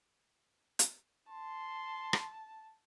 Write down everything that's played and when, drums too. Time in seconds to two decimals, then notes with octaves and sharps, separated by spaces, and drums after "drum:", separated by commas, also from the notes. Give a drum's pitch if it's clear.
0.79 drum: hi-hat
1.29 A5 C6
2.13 drum: rim click